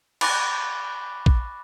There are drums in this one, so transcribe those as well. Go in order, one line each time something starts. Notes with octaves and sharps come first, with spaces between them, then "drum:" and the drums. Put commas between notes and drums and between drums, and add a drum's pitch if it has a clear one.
B5 C#6 D6 F#6 A6 A#6, drum: cymbal
drum: kick A#1